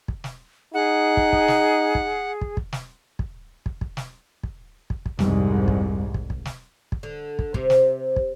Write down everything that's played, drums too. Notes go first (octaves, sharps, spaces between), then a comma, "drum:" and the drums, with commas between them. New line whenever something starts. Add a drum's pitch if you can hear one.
drum: kick
drum: snare
D#4 G#4 F#5
drum: kick
drum: kick
drum: snare
drum: kick
drum: kick
drum: kick
drum: snare
drum: kick
drum: kick
drum: kick
drum: snare
drum: kick
drum: kick
drum: kick
C2 F2 G#2 G3, drum: snare
drum: kick
drum: kick
drum: kick
drum: snare
drum: kick
D3
drum: kick
C3, drum: kick
drum: snare
drum: kick